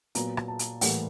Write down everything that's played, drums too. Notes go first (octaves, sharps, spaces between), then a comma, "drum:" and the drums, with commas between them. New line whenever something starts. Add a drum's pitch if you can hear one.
A#2 F#3 B3 A#5, drum: hi-hat
drum: rim click
A5
drum: hi-hat
A2 E3 G3 A#3 F#5, drum: open hi-hat